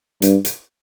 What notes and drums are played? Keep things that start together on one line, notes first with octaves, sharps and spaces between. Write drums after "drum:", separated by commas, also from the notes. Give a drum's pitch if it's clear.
G2, drum: hi-hat
drum: hi-hat